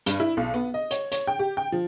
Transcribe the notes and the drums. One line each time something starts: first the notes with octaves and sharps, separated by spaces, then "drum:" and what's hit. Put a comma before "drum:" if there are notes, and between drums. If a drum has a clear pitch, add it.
G2, drum: hi-hat
E4
B1
B3
D#5
C#5, drum: hi-hat
C#5, drum: hi-hat
G5
G4
G5
F3